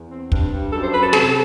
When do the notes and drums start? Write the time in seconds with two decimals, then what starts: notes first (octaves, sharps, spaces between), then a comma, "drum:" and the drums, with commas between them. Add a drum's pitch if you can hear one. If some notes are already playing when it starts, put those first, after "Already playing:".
Already playing: E2
0.11 C4
0.32 G2, drum: kick
0.52 G2
0.72 F#2 A4
0.83 C5
0.93 F#2 B4
1.03 A4
1.13 C3 A4, drum: snare